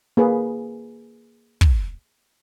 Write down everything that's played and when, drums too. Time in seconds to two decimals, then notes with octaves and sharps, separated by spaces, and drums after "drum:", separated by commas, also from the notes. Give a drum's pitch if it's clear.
0.17 A#3 G#4 B4
1.61 drum: kick